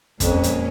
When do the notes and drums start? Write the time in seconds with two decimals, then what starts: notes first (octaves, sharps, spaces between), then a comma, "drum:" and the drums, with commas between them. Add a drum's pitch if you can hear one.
0.20 F2 A#2 G#3 C#4, drum: kick, hi-hat
0.43 drum: hi-hat